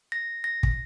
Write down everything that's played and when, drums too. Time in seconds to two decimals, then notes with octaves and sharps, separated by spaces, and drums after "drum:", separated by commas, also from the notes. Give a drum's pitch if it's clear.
0.12 A#6
0.44 A#6
0.63 drum: kick